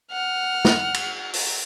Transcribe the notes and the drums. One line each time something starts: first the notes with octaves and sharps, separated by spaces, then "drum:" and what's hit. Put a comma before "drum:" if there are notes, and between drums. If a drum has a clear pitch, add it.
F#5 F6
drum: snare
drum: cymbal
drum: open hi-hat